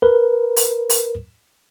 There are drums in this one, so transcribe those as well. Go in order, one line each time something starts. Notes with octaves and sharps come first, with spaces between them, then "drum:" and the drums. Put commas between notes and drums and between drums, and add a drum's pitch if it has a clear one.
A#4 B4
drum: open hi-hat
drum: open hi-hat